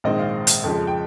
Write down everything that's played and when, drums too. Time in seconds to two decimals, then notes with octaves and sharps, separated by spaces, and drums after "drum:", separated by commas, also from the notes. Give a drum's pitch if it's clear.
0.04 A#1 G#2 D#3 G#3 C4 D#5
0.19 F5
0.47 drum: hi-hat
0.64 F2 C#3 F3 G#3
0.87 G5